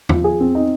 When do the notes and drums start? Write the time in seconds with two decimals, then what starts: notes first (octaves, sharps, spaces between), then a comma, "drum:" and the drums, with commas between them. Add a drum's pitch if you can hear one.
0.09 F3, drum: tom E2
0.24 G#4
0.40 C4
0.55 D#4